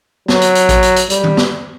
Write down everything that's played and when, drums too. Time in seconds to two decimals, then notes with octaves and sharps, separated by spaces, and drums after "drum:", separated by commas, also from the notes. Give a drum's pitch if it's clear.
0.28 F#3, drum: snare
0.42 drum: hi-hat
0.55 drum: hi-hat
0.69 drum: kick A1, hi-hat
0.83 drum: hi-hat
0.96 drum: hi-hat
1.10 G3, drum: hi-hat
1.24 drum: tom D#3
1.37 drum: snare